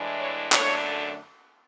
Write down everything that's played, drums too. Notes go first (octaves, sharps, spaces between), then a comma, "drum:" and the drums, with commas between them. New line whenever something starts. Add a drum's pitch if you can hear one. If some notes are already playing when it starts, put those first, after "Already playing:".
Already playing: A2 E3 G#3 D4
C#5
F#2 D3 A3 D4 C#5, drum: clap